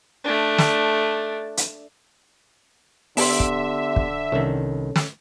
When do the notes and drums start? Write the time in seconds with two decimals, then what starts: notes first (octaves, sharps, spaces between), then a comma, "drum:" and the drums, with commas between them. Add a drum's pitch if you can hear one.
0.24 A3 D4
0.58 drum: snare
1.57 drum: hi-hat
3.17 D3 B3 G4 E5 C6, drum: open hi-hat
3.40 drum: kick
3.96 drum: kick
4.32 C2 D#3 C#4 A4 C#5
4.96 drum: snare